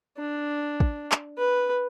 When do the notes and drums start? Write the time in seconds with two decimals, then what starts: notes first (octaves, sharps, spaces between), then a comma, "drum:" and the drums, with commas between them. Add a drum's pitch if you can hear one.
0.17 D4
0.80 drum: kick
1.12 drum: clap
1.38 B4